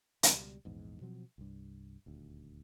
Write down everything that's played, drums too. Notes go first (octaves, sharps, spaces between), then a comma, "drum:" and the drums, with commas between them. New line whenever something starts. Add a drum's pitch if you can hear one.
C#2 B2 G3, drum: hi-hat
A#1 E2 G#2
B2 F3 F#3 C4
C2 G2
D#1 D2